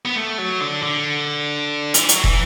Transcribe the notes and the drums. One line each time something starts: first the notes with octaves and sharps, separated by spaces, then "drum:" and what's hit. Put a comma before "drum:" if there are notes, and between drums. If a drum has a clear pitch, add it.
B3
A3
F#3
D3
D3
E3, drum: hi-hat
F#3, drum: hi-hat
E3, drum: kick